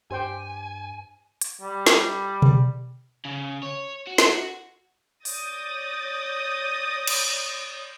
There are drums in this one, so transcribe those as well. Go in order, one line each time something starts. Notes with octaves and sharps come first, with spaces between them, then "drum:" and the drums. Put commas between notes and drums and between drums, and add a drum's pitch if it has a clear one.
G2 G4 C5 G5 G#5
drum: hi-hat
G3
drum: snare
drum: tom B2
C#3
C#5
F#4
drum: snare
C#5 D5 D#6 G6 A6 A#6, drum: open hi-hat
drum: cymbal